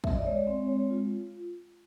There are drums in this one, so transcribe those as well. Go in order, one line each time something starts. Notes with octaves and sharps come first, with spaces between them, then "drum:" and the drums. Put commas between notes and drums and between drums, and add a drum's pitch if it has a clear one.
E5, drum: kick
D#5
D5
G#3 C#5
C4
G#3
F4